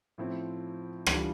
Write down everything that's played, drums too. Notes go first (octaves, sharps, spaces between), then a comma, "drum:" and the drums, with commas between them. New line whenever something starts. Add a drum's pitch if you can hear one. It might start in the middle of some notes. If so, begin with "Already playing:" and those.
A2 F3 C4 E4
E3 G3 B3 D4 F4, drum: rim click